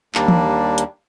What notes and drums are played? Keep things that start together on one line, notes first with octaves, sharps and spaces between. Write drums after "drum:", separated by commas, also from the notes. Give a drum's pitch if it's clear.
D#2 G3 A#3 D4, drum: clap
drum: tom E3
drum: hi-hat